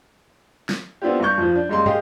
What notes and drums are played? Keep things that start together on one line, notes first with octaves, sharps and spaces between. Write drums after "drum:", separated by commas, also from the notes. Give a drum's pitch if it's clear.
drum: snare
B3 C4 D4 E4 F4 G4
G2 G3 C#6 G6
F2 F3
D4
F#2 G3 G#3 A#3 C6
G4 G#4 D#5 F5, drum: tom